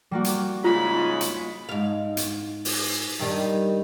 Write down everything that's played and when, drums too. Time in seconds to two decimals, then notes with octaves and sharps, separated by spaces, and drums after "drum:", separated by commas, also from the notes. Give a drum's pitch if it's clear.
0.11 G3 A#3 F#4
0.24 drum: hi-hat
0.64 G#2 C#3 G#3 F4 B5
1.21 drum: hi-hat
1.69 G#2 F5
2.17 drum: hi-hat
2.65 drum: open hi-hat
3.19 G2 D#3 G3